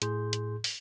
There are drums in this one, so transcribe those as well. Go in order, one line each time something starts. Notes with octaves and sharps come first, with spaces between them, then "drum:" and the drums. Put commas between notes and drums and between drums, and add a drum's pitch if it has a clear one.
A2 G#4 C6 G6, drum: hi-hat
drum: hi-hat
drum: open hi-hat